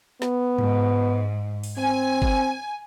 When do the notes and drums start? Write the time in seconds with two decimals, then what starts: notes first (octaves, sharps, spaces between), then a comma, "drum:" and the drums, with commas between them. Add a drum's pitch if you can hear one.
0.22 B3, drum: snare
0.58 G#2, drum: tom G2
1.63 drum: open hi-hat
1.78 C4 G#5
2.22 drum: kick G1